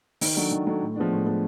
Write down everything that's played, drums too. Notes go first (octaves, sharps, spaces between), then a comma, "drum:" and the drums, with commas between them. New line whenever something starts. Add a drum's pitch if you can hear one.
D#3, drum: open hi-hat
F#3 A3 D4
D#3
F#3 A3 D4
A2
F3 G#3 B3 D4
A2
F3 G#3 B3 D4